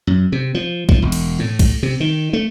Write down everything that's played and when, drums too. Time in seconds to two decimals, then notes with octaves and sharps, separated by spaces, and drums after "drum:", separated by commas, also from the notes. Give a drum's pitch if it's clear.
0.07 F#2
0.32 C3
0.55 F3
0.89 F3, drum: kick B1
1.02 E1
1.12 drum: cymbal
1.39 A2
1.59 drum: kick B1, cymbal
1.83 C3
2.00 D#3
2.33 A3